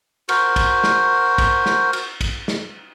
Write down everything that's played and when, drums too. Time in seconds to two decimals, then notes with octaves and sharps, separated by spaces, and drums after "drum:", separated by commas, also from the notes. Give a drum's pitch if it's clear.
0.29 F#4 A#4 C5, drum: cymbal
0.56 drum: kick, cymbal
0.84 drum: snare
1.38 drum: kick, cymbal
1.66 drum: snare
1.93 drum: cymbal
2.21 drum: kick, cymbal
2.48 drum: snare